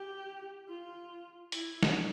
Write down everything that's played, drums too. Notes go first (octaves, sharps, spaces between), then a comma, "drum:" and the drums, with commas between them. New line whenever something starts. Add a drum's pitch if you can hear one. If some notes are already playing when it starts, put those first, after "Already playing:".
Already playing: G4
F4
E4, drum: hi-hat
drum: snare